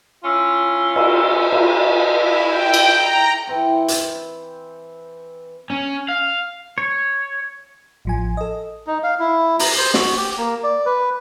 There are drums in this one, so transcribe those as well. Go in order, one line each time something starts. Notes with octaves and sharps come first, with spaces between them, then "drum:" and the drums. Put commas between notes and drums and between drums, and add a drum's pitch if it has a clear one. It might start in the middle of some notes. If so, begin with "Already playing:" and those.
C#4 E4 F4
drum: cymbal
drum: cymbal
E4
G5
drum: cymbal
A#5
E3 C4 G5
drum: hi-hat
C#4
F5
C#5
A1 F3 G#5
A4 D#5
D#4
F5
E4
A#5, drum: open hi-hat
C5
F#4, drum: snare
G4
A#3
D5
B4